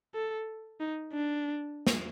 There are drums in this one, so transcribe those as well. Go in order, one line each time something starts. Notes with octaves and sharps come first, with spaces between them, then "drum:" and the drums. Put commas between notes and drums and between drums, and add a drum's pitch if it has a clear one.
A4
D#4
D4
drum: snare